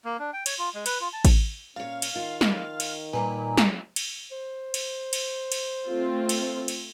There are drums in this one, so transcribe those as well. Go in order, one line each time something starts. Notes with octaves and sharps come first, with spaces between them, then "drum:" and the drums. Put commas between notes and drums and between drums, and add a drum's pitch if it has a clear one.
A#3
D4
G5
C#5, drum: cymbal
F4
G#3
B4, drum: cymbal
F4
A5
drum: kick A1, cymbal
A#2 C#4 C#5 F5
drum: cymbal
D#3 F4
drum: snare
drum: cymbal
D#2 A#2 G3 B4 G#5 A#5
drum: snare
drum: cymbal
C5
drum: cymbal
drum: cymbal
drum: cymbal
A3 C4 F4
drum: cymbal
drum: cymbal